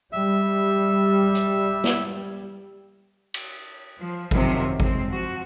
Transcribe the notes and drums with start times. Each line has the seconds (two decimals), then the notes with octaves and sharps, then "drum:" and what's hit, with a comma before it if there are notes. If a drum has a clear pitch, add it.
0.12 G3 E5
1.35 drum: hi-hat
1.84 drum: snare
3.34 drum: cymbal
4.01 F3
4.31 F#2 C3 D#3 F3 F#3, drum: kick G#1
4.80 G#3 C4, drum: kick G#1
5.10 F3 F#4